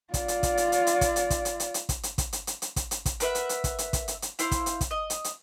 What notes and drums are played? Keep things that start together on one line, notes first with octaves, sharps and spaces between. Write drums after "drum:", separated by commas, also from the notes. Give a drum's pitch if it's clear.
F4 D5, drum: kick, hi-hat
drum: hi-hat
drum: kick, hi-hat
drum: hi-hat
drum: hi-hat
drum: hi-hat
drum: kick, hi-hat
drum: hi-hat
drum: kick, hi-hat
drum: hi-hat
drum: hi-hat
drum: hi-hat
drum: kick, hi-hat
drum: hi-hat
drum: kick, hi-hat
drum: hi-hat
drum: hi-hat
drum: hi-hat
drum: kick, hi-hat
drum: hi-hat
drum: kick, hi-hat
A#4 B4 E5 F#5, drum: hi-hat
drum: hi-hat
drum: hi-hat
drum: kick, hi-hat
drum: hi-hat
drum: kick, hi-hat
drum: hi-hat
drum: hi-hat
E4 C5 F5 C6, drum: hi-hat
drum: kick, hi-hat
drum: hi-hat
drum: kick, hi-hat
D#5
drum: hi-hat
drum: hi-hat